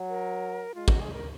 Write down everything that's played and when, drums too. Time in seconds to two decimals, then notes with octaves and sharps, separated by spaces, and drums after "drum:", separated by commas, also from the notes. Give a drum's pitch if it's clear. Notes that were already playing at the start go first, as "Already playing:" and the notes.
Already playing: F#3
0.09 A#4
0.75 G#3 F4
0.88 F#4, drum: kick
1.01 G#4
1.13 A#4